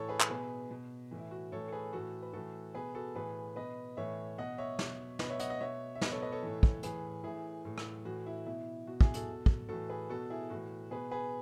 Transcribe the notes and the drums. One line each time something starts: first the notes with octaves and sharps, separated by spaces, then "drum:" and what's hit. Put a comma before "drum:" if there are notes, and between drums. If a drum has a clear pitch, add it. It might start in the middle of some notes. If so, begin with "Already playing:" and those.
Already playing: A2 E3 A4 C#5
G#4 B4
drum: clap
B2 G#4 B4
B2
A2 E3
E4
F#4
A2 E3 A4 C#5
A4
G#4 B4
A2 E3 F#4 A4
B4
A2 E3 F#4 A4
B2 G#4 B4
F#4 A4
A2 E3 G#4 B4
B2 B4 D#5
A2 E3 C#5 E5
B2 D#5 F#5
C#5 E5
B2, drum: snare
B2 B4 D#5, drum: snare
C#5 E5
D#5 F#5, drum: hi-hat
D#5 F#5
B2 C#5 E5
E5
B2 B4 D#5, drum: snare
A4 C#5
B4 D#5
A4 C#5
A2 E3
drum: kick
A2 E3 G#4 B4, drum: hi-hat
A2 E3 E4 G#4
A2 E3
drum: rim click
A2 E3 F#4
E4
B2 E4
B2 F#4
E4 G#4, drum: kick
F#4 A4, drum: hi-hat
B2
drum: kick
A2 E3 F#4 A4
G#4 B4
B2 F#4 A4
E4 G#4
A2 E3 F#4
B2 G#4 B4
G#4 B4